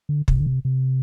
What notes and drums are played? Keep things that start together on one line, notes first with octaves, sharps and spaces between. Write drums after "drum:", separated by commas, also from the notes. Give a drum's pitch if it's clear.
D3
C3, drum: kick
D3
C3
C3